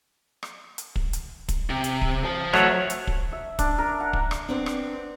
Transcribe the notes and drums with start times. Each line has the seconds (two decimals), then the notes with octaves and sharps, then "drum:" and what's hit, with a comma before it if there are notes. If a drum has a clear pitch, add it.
0.43 drum: rim click
0.78 drum: hi-hat
0.96 drum: kick
1.13 drum: hi-hat
1.49 drum: kick, hi-hat
1.70 C3
1.84 drum: hi-hat
2.01 drum: kick
2.25 C5 A5
2.53 F#3 A3, drum: rim click
2.90 drum: hi-hat
3.07 drum: kick
3.32 E5
3.59 D4, drum: kick, hi-hat
3.78 A#4
4.00 F#5
4.13 drum: kick
4.31 drum: rim click
4.49 B3 C4 D4
4.66 drum: rim click